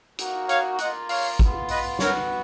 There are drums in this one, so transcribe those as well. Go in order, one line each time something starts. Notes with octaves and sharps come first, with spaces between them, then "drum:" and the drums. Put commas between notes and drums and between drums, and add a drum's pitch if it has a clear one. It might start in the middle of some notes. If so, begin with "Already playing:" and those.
A#3 D#4 F#4, drum: hi-hat
C#5 F5, drum: hi-hat
A#3 F4 D#5 F#5, drum: hi-hat
C#5 F5, drum: open hi-hat
B3 F4, drum: kick, hi-hat
B4 D#5, drum: open hi-hat
B3 F#4 A#4 C#5, drum: snare